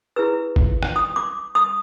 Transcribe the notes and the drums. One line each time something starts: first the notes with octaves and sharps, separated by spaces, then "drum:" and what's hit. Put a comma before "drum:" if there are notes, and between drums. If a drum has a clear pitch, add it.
E4 G#4 B4 E6
drum: kick G#1
drum: rim click
D#6
D6
D#6